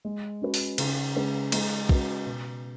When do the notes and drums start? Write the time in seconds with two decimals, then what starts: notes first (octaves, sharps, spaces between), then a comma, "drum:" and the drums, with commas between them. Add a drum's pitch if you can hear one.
0.05 G#3
0.42 C#4 F#4 B4
0.54 drum: open hi-hat
0.78 C#3, drum: cymbal
1.16 G#3 C#4 G#4 B4
1.52 G#3, drum: cymbal
1.89 C#4 F#4 B4, drum: kick
2.26 B2